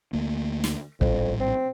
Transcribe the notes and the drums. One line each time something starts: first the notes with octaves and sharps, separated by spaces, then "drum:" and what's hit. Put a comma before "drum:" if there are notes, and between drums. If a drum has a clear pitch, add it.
D2 A3 A#3
drum: snare
A#1 F2 A2 G3, drum: kick
C4